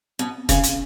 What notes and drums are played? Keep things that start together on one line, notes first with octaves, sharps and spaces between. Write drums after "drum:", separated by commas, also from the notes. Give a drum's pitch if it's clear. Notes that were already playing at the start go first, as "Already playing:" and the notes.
B2
C#3, drum: kick F1, hi-hat
drum: hi-hat